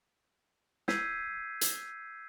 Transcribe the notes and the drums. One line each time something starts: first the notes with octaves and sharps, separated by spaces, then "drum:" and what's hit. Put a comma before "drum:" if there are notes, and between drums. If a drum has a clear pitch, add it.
E6 G6 G#6 B6 C7 D#7, drum: snare
drum: hi-hat